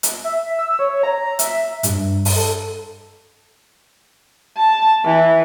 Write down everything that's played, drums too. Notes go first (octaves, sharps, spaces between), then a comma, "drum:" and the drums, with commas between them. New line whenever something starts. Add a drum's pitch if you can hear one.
drum: hi-hat
E5
E6
C#5
A#5
E5, drum: hi-hat
G2, drum: hi-hat
drum: open hi-hat
A4
A5
E3